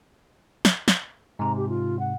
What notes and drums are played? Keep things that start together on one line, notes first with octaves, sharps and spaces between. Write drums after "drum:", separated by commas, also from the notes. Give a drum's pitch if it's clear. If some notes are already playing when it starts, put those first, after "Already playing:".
drum: snare
drum: snare
G#2 C3 A#5
G4
F4
F#5